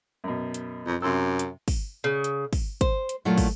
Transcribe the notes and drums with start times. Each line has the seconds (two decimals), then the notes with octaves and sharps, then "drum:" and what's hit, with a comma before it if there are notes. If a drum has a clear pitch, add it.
0.24 F#2 B2
0.54 drum: hi-hat
0.87 F2
1.02 F#2 C3 C6 E6
1.39 drum: hi-hat
1.68 drum: kick, open hi-hat
2.04 C#3
2.24 drum: hi-hat
2.53 drum: kick, open hi-hat
2.81 C5, drum: kick, hi-hat
3.09 drum: hi-hat
3.25 A#2 F#3 A3 E4 F4
3.38 drum: kick, open hi-hat